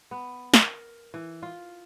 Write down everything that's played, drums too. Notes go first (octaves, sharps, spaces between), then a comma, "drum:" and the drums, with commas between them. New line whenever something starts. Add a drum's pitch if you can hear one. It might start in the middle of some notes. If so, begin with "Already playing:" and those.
B3
A#4, drum: snare
E3
F4